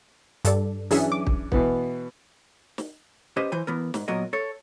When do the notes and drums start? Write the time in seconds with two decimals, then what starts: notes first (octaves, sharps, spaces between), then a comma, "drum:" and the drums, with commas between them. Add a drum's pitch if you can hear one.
0.45 G2 A4 D5, drum: hi-hat
0.91 E3 F#3 C#4 D4 G#4 E5, drum: open hi-hat
1.12 D6
1.27 drum: kick
1.52 B2 E3 B3, drum: kick
2.78 drum: snare
3.37 C#4 G4 B4 C5 D#5
3.52 E3 C5 G#5
3.67 E3 B3 A#4
3.94 G#2, drum: snare
4.08 A#2 F#3 B3 A#4 D#5
4.33 A4 C#5